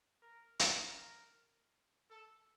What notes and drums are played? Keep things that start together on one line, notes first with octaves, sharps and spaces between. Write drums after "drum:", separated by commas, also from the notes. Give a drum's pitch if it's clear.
A#4
drum: hi-hat
A#4
A4